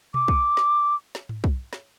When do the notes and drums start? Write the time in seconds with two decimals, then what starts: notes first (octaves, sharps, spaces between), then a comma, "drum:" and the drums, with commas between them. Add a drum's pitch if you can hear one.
0.14 D6, drum: tom B2
0.28 drum: kick
0.57 drum: snare
1.15 drum: snare
1.29 drum: tom G#2
1.44 drum: kick
1.73 drum: snare